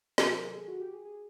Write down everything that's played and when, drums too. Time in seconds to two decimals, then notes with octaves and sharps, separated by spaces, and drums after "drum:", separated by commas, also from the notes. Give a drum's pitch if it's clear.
0.18 C3 D#3 F#3 B4, drum: snare
0.31 A#4
0.38 G#4
0.44 A4
0.55 G#4
0.68 F#4
0.81 G4
0.93 G#4
1.05 G#4